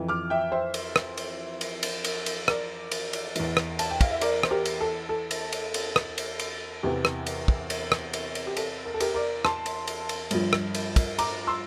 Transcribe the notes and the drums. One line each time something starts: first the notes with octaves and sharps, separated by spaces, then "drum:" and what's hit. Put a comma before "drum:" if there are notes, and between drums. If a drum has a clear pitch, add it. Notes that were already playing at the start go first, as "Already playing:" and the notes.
Already playing: F2 E3
D6 F6
E5 G5
C5 E5
drum: cymbal
drum: rim click
drum: cymbal
drum: cymbal
drum: cymbal
drum: cymbal
drum: cymbal
A#4 D5, drum: rim click
drum: cymbal
drum: cymbal
E2 E3, drum: cymbal
drum: rim click
A5, drum: cymbal
G5
F5, drum: kick, cymbal
E5
A#4 D5, drum: cymbal
C5, drum: rim click
G4 A#4
drum: cymbal
A4
A4
drum: cymbal
drum: cymbal
drum: cymbal
drum: rim click
drum: cymbal
drum: cymbal
E2 C3 E3 G4
drum: rim click
drum: cymbal
drum: kick
drum: cymbal
drum: rim click
drum: cymbal
drum: cymbal
G4
A4, drum: cymbal
A#4
A4
G4 A#4, drum: cymbal
A#4 D5
A5 C6, drum: rim click
drum: cymbal
drum: cymbal
drum: cymbal
G2 F3, drum: cymbal
drum: rim click
drum: cymbal
drum: kick, cymbal
A#5 D6, drum: cymbal
C6 E6